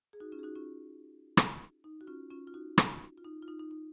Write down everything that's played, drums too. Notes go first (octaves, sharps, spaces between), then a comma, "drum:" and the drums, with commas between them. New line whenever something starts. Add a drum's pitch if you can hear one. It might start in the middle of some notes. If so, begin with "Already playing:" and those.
G#4
D#4 F#4
C#4 F4
G#4
D#4 F#4
C#4 F4
drum: rim click
D#4
F#4
C#4 F4
C#4 F4
F4
D#4 F#4
drum: rim click
F4
D#4
F4
D#4
D#4
D#4